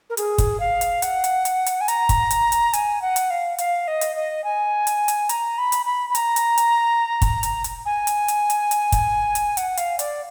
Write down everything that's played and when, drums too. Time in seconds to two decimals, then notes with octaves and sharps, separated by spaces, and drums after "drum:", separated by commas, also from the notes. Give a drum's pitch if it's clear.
0.10 A#4
0.17 G#4, drum: hi-hat
0.38 drum: kick, hi-hat
0.60 F5
0.81 drum: hi-hat
1.02 F#5, drum: hi-hat
1.24 drum: hi-hat
1.45 drum: hi-hat
1.66 drum: hi-hat
1.81 G#5
1.88 A#5, drum: hi-hat
2.09 drum: kick, hi-hat
2.30 drum: hi-hat
2.52 drum: hi-hat
2.73 G#5, drum: hi-hat
3.02 F#5
3.16 drum: hi-hat
3.30 F5
3.58 F5, drum: hi-hat
3.88 D#5
4.01 drum: hi-hat
4.16 D#5
4.44 G#5
4.87 drum: hi-hat
5.08 drum: hi-hat
5.29 A#5, drum: hi-hat
5.58 B5
5.72 drum: hi-hat
5.86 B5
6.10 B5
6.15 A#5, drum: hi-hat
6.36 drum: hi-hat
6.57 drum: hi-hat
7.22 drum: kick, hi-hat
7.43 drum: hi-hat
7.64 drum: hi-hat
7.86 G#5
8.07 drum: hi-hat
8.28 drum: hi-hat
8.50 drum: hi-hat
8.71 drum: hi-hat
8.92 drum: kick, hi-hat
9.35 drum: hi-hat
9.57 F#5, drum: hi-hat
9.77 F5, drum: hi-hat
9.99 D5, drum: hi-hat